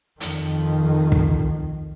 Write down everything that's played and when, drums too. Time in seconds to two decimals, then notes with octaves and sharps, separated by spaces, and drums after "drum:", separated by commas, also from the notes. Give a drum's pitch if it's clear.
0.21 F2 D#3, drum: hi-hat
1.12 drum: kick